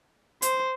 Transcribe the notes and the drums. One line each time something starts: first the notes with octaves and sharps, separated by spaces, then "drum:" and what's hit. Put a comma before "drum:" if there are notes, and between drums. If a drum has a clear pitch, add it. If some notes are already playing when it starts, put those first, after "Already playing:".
C5, drum: hi-hat